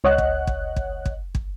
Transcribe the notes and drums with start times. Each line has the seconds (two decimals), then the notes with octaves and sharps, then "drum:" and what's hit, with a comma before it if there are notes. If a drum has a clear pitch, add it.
0.04 C#2 C#5 D#5 F#5 F#6
0.18 drum: kick
0.47 drum: kick
0.76 drum: kick
1.06 drum: kick
1.35 drum: kick